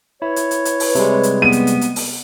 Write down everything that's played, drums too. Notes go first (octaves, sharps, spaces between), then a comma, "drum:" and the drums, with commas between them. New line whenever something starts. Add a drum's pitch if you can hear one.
E4 B4 C#5
drum: hi-hat
drum: hi-hat
drum: hi-hat
drum: open hi-hat
C3 G3 G#3, drum: hi-hat
drum: hi-hat
B3 D#7
drum: hi-hat
drum: hi-hat
drum: hi-hat
drum: open hi-hat